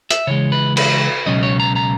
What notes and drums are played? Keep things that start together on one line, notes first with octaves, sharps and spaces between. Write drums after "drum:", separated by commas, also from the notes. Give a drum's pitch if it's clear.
E5, drum: hi-hat
C#3 E3 G#3 C#5
B4
B4, drum: cymbal
C#2 B2 F#3 C#4 D#5
C#5
A#5
A#5